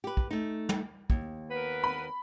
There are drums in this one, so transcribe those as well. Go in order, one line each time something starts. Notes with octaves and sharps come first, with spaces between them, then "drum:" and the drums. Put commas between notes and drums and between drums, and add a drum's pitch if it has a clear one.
G4 B4
drum: kick
A3 D#4
drum: tom
D#2, drum: kick
B3 A#4 B4
B5